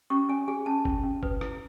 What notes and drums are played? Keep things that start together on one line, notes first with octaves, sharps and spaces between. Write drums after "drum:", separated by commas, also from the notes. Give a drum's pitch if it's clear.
C#4 C#6
C#4 G#5
G#4 G#5
C#4 A5
C#4, drum: kick G1
C#4
B4, drum: kick G1
E4, drum: rim click